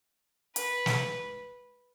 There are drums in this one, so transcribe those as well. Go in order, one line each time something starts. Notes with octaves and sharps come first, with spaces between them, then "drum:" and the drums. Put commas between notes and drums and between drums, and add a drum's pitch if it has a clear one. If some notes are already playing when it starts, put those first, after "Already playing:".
B4, drum: hi-hat
drum: snare